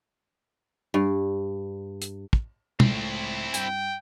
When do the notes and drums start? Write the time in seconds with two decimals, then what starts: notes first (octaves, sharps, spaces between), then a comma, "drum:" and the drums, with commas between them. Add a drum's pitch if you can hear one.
0.94 G2
2.02 drum: hi-hat
2.33 drum: kick
2.80 C#2 A2 C4 E4, drum: tom
3.54 G2 G5, drum: hi-hat